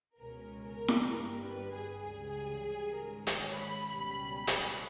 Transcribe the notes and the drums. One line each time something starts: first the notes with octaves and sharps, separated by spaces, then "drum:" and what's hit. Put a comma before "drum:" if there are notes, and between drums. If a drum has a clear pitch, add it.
C#2 B2 G#3 C#4 A#4
A#4
drum: snare E4
G1 G2 G3 A#4
B4
G#4
C#2 C#3 E3 G3 G#4
G#2 D#3 G#3 C#4 A#4
C#5, drum: hi-hat
B5
C#2 B2 G3 C#4
drum: hi-hat